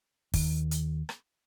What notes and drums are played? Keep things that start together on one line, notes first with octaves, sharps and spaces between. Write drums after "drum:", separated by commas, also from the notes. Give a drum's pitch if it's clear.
D#2, drum: kick, open hi-hat
drum: hi-hat
drum: rim click